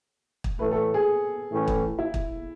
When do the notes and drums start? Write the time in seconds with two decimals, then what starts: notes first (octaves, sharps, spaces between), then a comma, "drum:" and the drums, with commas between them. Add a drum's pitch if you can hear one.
0.44 drum: kick
0.59 A2 E3 A3 B4
0.71 A4
0.94 G#4
1.52 A2 E3 A3 C#4
1.68 drum: kick
1.99 E4
2.14 drum: kick